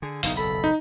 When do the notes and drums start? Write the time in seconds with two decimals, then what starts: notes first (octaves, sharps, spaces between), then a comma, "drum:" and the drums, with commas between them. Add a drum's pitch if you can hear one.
0.02 D3 G#4
0.23 F#1 B1 E2 D#4 F5, drum: open hi-hat
0.37 A4 B5
0.64 D#4